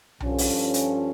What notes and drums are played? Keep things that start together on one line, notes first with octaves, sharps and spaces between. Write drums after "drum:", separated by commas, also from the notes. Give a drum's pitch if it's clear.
G2 F3 C#4 F4 A4, drum: tom B1
drum: open hi-hat
drum: hi-hat